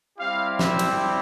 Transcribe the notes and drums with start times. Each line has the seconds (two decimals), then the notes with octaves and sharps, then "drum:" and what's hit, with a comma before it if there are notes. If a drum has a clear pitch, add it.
0.18 G3 C4 E4 G4 F5
0.59 E5, drum: snare
0.79 drum: cymbal